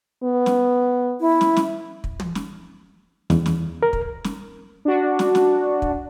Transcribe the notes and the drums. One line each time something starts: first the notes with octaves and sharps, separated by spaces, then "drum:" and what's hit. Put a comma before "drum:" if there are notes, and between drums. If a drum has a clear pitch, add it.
B3
drum: snare
E4
drum: snare
drum: snare
drum: kick
drum: tom
drum: snare
E2, drum: snare
drum: snare
A#4
drum: kick
drum: snare
D4 F#4
drum: snare
drum: snare
drum: kick